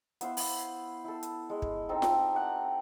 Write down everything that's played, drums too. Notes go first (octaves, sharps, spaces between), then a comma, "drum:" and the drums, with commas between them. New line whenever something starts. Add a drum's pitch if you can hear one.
B3 E4 C5 F5, drum: hi-hat
drum: open hi-hat
E4 A4
drum: hi-hat
G#3
drum: kick
C4 D#4 A4
drum: snare F4
G4 F#5